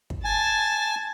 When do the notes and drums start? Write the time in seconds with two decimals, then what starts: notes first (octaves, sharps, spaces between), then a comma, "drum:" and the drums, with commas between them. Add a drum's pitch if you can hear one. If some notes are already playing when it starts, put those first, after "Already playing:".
0.10 drum: kick
0.24 G#5 A5 A6